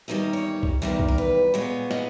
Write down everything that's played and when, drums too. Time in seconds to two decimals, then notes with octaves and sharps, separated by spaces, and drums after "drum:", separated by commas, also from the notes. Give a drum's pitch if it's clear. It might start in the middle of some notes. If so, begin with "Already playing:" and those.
0.08 E2 D#3 G3 A#3 D#5
0.33 C#5
0.63 drum: kick B1
0.82 E2 D#3 G3 A#3
0.99 drum: kick B1
1.08 A#4
1.18 B4
1.54 A#2 G#3 B3 C#5
1.91 D#5, drum: snare